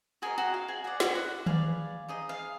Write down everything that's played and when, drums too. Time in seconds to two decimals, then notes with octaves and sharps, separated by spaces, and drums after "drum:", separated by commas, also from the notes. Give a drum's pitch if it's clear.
0.22 F#4 G#4 A#4 D#5 G#5
0.38 F#4 F#5
0.54 F5
0.68 G#4 G#5
0.84 F#4 G#4 D5 F#5
1.00 F#4 F#5, drum: snare
1.15 F#4 F#5
1.46 G#4 B4 D5 F5, drum: tom D#3
2.08 D#4 G#4 D#5
2.29 F5